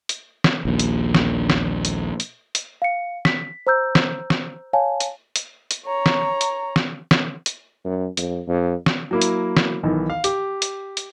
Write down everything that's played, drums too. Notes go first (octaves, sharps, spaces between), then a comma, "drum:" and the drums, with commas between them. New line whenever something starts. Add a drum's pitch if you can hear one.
drum: hi-hat
drum: snare
A#1 D#2
drum: hi-hat
drum: snare
drum: snare
drum: hi-hat
drum: hi-hat
drum: hi-hat
F5 C#7
B6, drum: snare
C5 A#5 E6 G6
drum: snare
drum: snare
C#5 F5 G#5 A5
drum: hi-hat
drum: hi-hat
drum: hi-hat
C#5 A#5
drum: snare
drum: hi-hat
drum: snare
drum: snare
drum: hi-hat
F#2
F2, drum: hi-hat
F2
drum: snare
F#3 A#3 E4
drum: hi-hat
drum: snare
B1 D#3 E3
F5
G4, drum: hi-hat
drum: hi-hat
drum: hi-hat